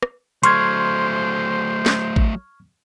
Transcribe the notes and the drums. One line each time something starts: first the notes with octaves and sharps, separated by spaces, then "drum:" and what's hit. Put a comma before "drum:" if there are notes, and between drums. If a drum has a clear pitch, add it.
drum: rim click
F#3 A3 C5 C6 C#6 F6 G#6, drum: hi-hat
drum: snare
drum: kick A1